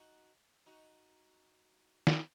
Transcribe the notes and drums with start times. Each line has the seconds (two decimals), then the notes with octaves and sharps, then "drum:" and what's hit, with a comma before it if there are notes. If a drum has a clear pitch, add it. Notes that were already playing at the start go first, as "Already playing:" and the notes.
Already playing: D#4 F#4
0.66 D#4 F#4
2.07 drum: snare